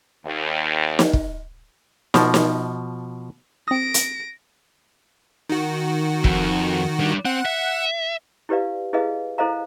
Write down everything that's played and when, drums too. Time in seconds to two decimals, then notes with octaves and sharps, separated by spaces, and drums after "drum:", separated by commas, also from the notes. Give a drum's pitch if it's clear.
0.25 D#2
0.99 drum: snare
1.13 drum: kick
2.14 B2 F3, drum: snare
2.34 drum: snare
3.68 C4 D#6 A#6 D7
3.94 drum: hi-hat
5.50 D#3 F#4
6.24 F2, drum: kick
7.00 G3 D4
7.25 C4 F#5
7.46 E5
8.49 E4 G4 B4 D5 F5
8.93 E4 G#4 B4 D#5 F5
9.38 E4 A4 C5 D#5 F5 A#5